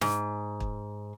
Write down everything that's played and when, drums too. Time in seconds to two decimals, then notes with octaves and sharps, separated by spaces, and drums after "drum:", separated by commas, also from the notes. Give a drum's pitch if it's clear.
0.01 G#2, drum: snare
0.60 drum: kick